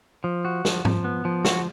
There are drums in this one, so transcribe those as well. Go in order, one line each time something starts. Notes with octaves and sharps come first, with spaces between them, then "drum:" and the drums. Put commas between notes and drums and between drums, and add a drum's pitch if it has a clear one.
F3
F#4
F3, drum: snare
F3, drum: tom G#2
B3
F3
F#4, drum: snare